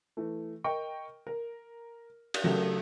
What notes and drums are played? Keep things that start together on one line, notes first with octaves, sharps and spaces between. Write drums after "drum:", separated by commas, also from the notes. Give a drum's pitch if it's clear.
E3 A3
A#4 D#5 G5 C#6
A#4
drum: cymbal
C#3 F#3 A3 G4 A4 A#4